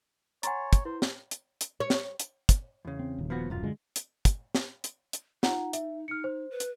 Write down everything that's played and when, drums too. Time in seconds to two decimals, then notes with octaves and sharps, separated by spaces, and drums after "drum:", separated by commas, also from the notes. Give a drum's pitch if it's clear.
0.43 C#5 F#5 G#5 A#5 C6 A6, drum: hi-hat
0.73 drum: kick, hi-hat
0.85 E4 B4 C5
1.02 drum: snare
1.31 drum: hi-hat
1.61 drum: hi-hat
1.80 C#5
1.90 drum: snare
2.20 drum: hi-hat
2.49 drum: kick, hi-hat
2.85 E2 C#3
2.99 C4
3.18 D#1 D#2
3.30 F3 B3 F#4
3.50 D#1 B1 F#2 F4
3.63 D3 G#3
3.96 drum: hi-hat
4.25 drum: kick, hi-hat
4.55 drum: snare
4.84 drum: hi-hat
5.13 drum: hi-hat
5.43 D#4 F4 F#5 A#5, drum: snare
5.73 E5, drum: hi-hat
6.08 D#4 F6 C#7
6.24 C5
6.51 B4
6.60 drum: hi-hat